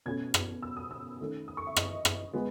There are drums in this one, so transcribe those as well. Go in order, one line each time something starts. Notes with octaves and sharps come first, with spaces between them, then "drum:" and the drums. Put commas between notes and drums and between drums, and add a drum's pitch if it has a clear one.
B2 A3 C#4 G#6
drum: rim click
E6
D#6
E6
D#3 A3 C#4
D#6
C#6
E5
D#5, drum: rim click
drum: rim click
G#3 B3